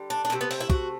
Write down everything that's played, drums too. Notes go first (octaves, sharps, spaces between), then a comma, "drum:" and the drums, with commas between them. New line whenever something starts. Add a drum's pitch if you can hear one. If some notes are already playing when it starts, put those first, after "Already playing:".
Already playing: D3 G3
D4
D4
C3 E3 A3 C4
B3
C4, drum: open hi-hat
E4
F#4, drum: kick